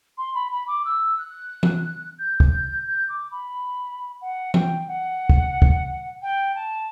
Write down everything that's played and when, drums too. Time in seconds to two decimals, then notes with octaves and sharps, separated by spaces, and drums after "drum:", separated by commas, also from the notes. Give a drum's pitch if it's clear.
0.18 C6
0.34 B5
0.51 B5
0.67 D6
0.85 E6
1.18 F#6
1.63 drum: tom E3
2.19 G6
2.40 drum: kick
2.87 G6
3.09 D6
3.31 B5
4.21 F#5
4.54 G5, drum: tom E3
4.88 F#5
5.30 drum: kick
5.62 drum: kick
6.22 G5
6.55 A5